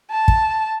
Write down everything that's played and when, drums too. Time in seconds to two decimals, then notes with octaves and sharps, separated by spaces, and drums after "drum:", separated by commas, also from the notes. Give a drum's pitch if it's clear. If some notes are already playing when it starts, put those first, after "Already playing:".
0.10 A5
0.28 drum: kick